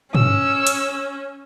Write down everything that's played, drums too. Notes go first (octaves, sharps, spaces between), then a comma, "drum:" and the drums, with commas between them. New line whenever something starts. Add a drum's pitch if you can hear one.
C#4 E6, drum: tom
drum: hi-hat